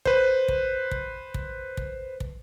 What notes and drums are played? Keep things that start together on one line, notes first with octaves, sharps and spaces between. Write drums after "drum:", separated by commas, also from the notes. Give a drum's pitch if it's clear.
B4 C5, drum: kick
drum: kick
drum: kick
drum: kick
drum: kick
drum: kick